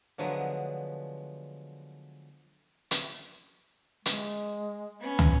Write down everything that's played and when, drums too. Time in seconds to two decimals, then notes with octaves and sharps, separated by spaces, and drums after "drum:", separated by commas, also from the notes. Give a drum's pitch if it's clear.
0.18 D3 F3 F#3 G#3 B3
2.91 drum: hi-hat
4.06 G#3, drum: hi-hat
5.00 B3 C#4
5.19 drum: tom